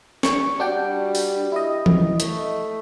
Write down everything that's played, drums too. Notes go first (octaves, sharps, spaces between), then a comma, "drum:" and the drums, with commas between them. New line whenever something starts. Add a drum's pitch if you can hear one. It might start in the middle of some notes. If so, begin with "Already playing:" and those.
C#6, drum: snare
G3 D4 F#4 G5
drum: open hi-hat
E4 D#5
drum: tom E3
A3, drum: hi-hat